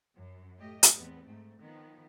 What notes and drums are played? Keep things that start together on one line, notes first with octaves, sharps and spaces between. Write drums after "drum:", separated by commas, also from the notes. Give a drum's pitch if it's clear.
F#2
A2 A3 G4 D#5
drum: hi-hat
E2 B3 C4
G#2 A3
D#3 F3 B3